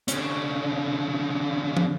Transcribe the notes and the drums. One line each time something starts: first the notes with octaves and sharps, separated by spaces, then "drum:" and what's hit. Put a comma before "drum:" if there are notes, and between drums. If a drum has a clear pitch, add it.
D3 C#4, drum: hi-hat
drum: tom